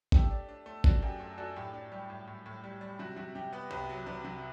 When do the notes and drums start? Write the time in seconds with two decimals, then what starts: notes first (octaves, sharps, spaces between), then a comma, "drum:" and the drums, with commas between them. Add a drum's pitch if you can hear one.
0.12 A3 G4, drum: kick G#1
0.30 D4
0.49 D4
0.66 A3
0.84 D4 F#4, drum: kick G#1
1.02 F#2 G4
1.20 A3
1.38 D4 F#4 A4
1.56 A2 G4
1.74 D4
1.92 G3 G4
2.10 A2
2.27 A2
2.46 A2
2.64 G3
2.81 G3
2.99 C3 F#4
3.17 C3 F#4
3.35 C3 G4
3.52 B3 G4 B4
3.71 C2 G4 B4
3.89 F#3
4.06 C3 B4 D5
4.24 C3